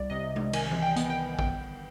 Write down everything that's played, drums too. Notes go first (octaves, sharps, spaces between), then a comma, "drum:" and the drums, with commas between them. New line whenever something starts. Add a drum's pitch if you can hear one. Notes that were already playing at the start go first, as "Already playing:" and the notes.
Already playing: C2 D5
C3 D#5
drum: tom G#3
D#3 G#5, drum: cymbal
drum: tom E3
G5
B3, drum: hi-hat
G5
G1 G5, drum: kick